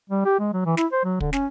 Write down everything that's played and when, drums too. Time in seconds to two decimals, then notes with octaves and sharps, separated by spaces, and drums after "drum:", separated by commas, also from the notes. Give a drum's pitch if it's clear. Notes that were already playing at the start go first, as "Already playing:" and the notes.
0.10 G3
0.26 G4
0.39 G#3
0.53 F#3
0.66 E3
0.77 E4, drum: snare
0.92 C5
1.04 F#3
1.20 D3, drum: kick
1.33 C#4, drum: snare